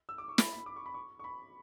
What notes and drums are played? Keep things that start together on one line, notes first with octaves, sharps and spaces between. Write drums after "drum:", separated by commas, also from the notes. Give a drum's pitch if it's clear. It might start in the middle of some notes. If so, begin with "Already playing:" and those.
E6
D6
C#6
B5, drum: snare
B5
D6
C#6
B5
C#6
C#6
B5